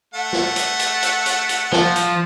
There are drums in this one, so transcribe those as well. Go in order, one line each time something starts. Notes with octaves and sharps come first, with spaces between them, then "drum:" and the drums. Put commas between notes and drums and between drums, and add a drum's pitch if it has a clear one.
A3 F#5
drum: snare
drum: hi-hat
drum: hi-hat
drum: hi-hat
drum: hi-hat
drum: hi-hat
F3, drum: snare
drum: hi-hat